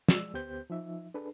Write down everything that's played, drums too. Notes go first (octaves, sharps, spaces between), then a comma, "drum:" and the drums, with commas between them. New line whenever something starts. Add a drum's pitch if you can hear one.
F3 G#3 D5 E6, drum: snare
D2 B3 G4 C5 G6
F3 D#4 E5
D4 G#4 A4 B4